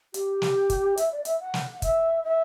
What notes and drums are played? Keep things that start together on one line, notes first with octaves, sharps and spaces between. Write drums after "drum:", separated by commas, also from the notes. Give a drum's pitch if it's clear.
G4, drum: hi-hat
drum: snare
drum: kick, hi-hat
E5, drum: hi-hat
D5
E5, drum: hi-hat
F#5
drum: snare
E5, drum: kick, hi-hat
E5